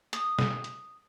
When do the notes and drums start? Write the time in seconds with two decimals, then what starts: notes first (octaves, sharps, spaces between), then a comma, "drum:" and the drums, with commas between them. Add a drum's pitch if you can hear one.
0.13 D#6, drum: hi-hat
0.39 drum: snare
0.64 drum: hi-hat